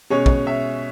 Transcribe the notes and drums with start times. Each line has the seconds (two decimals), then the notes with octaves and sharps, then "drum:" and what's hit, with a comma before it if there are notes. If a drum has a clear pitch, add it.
0.10 B2 G#3 C#4 C#5
0.26 drum: kick
0.47 E5